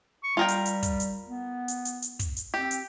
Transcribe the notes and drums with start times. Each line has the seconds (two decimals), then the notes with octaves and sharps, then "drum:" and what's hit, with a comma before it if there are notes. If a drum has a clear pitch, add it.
0.24 C#6
0.37 G3 F4 A#4 G5
0.48 drum: hi-hat
0.65 drum: hi-hat
0.83 drum: kick, hi-hat
1.00 drum: hi-hat
1.28 B3
1.68 drum: hi-hat
1.85 drum: hi-hat
2.02 drum: hi-hat
2.19 drum: kick, hi-hat
2.37 drum: hi-hat
2.54 C4 G4
2.71 drum: hi-hat